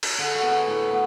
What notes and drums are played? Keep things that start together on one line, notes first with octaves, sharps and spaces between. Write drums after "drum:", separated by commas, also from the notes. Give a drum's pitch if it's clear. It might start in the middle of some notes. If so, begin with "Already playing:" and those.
drum: cymbal
D3 G#4
F#4
B3
F#4
A2
B3